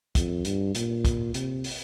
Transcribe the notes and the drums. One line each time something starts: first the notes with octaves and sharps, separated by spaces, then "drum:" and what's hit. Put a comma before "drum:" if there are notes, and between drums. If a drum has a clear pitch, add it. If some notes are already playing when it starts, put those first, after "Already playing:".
F2, drum: kick, hi-hat
G2, drum: hi-hat
A#2, drum: hi-hat
drum: kick, hi-hat
C3, drum: hi-hat
drum: open hi-hat